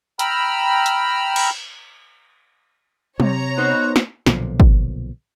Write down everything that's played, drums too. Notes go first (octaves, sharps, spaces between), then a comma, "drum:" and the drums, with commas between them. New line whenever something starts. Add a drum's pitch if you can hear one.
G5 A#5 B5 E6 F6, drum: hi-hat
drum: hi-hat
drum: cymbal
C3 C#5 A#5, drum: tom F#3
B3 D#4 F#4 C5
drum: snare
B1 A#2 D3 F3, drum: snare
drum: kick